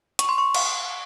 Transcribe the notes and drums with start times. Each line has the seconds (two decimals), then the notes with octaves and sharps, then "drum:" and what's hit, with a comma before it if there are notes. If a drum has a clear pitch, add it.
0.19 C#6, drum: hi-hat
0.29 C6
0.38 C#6
0.54 drum: cymbal